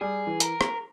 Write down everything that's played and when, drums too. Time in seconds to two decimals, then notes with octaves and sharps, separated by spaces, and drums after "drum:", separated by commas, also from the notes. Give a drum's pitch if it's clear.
0.01 G3 G#4
0.27 E3
0.40 A#4, drum: hi-hat
0.61 drum: rim click